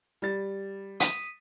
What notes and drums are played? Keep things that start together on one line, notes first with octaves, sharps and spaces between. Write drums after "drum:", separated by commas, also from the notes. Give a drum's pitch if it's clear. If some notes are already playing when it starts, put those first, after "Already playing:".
G3 A6
D#6 B6 D#7, drum: hi-hat